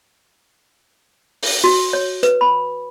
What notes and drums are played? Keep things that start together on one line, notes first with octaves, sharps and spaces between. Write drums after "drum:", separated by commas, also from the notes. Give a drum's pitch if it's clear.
drum: open hi-hat
F#4
C#5
B4, drum: hi-hat
B5